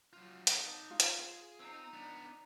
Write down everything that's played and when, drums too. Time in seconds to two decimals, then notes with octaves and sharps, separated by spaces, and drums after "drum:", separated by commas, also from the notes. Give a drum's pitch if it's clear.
0.13 F#3 F4
0.47 D#4 A5, drum: hi-hat
0.91 F4
1.00 drum: hi-hat
1.20 G#4
1.59 C4 D#4
1.93 B3 D4